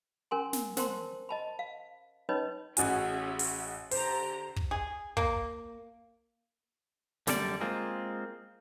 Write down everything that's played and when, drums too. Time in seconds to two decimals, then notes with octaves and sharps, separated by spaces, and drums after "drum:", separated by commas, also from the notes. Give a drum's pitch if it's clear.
0.31 C#4 A#4 G#5 C6
0.53 drum: snare
0.77 A#4 C5 G5 A5 C6, drum: snare
1.29 D#5 A5 B5
1.59 F5
2.29 C#4 D#4 B4 C#5 D#5 B5
2.77 A1 C#4 F#4 G#4 E5 G#5, drum: hi-hat
3.39 drum: open hi-hat
3.91 D3 G4 C5 A#5, drum: open hi-hat
4.56 drum: kick
4.71 G#4
5.17 A#3, drum: kick
7.27 F#2 D3 G3 A4 D5, drum: snare
7.61 G#3 A#3 C4 F4